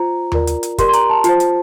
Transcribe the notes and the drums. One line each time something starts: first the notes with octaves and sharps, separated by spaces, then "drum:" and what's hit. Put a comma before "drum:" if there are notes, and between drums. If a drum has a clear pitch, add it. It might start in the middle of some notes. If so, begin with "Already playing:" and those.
Already playing: F4 C5 A#5
F4 A#4 D5, drum: tom D#2
drum: hi-hat
drum: hi-hat
G4 A#4 D5 C6, drum: kick, hi-hat
C6
A#5, drum: hi-hat
A5
F4 C5 A5, drum: hi-hat
drum: hi-hat